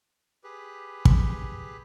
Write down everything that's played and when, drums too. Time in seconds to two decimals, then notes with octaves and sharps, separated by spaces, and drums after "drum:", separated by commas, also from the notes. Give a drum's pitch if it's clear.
0.44 G4 G#4 B4
1.05 drum: kick